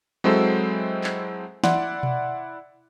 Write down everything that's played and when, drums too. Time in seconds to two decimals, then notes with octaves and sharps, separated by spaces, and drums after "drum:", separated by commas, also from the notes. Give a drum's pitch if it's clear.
0.24 F#3 G#3 C4 E4 A4 C5
1.04 drum: clap
1.64 E4 D5 F#5 C6, drum: snare
2.03 drum: tom B2